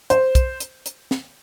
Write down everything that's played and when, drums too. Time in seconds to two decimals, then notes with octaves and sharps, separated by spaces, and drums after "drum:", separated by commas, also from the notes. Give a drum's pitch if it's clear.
0.10 C5, drum: hi-hat
0.35 drum: kick, hi-hat
0.60 drum: hi-hat
0.86 drum: hi-hat
1.11 drum: snare